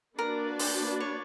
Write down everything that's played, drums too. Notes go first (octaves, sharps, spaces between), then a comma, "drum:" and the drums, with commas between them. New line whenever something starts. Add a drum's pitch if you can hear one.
A#3 D4 F#4 A#4 B4 D5
C5, drum: open hi-hat
C#5